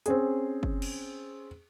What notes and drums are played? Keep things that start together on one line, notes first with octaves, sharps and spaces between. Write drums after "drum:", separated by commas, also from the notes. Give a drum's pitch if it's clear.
C4 C#4 G#4, drum: hi-hat
drum: kick F#1
drum: cymbal